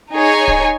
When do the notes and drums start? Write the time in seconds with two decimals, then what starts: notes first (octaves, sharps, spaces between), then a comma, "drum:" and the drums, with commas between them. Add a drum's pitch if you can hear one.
0.12 D#4 G#4 C#5 G#5
0.48 drum: kick D1